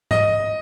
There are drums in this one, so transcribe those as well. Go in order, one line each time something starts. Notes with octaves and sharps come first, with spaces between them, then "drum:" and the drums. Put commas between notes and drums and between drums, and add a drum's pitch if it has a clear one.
D#5, drum: tom G#2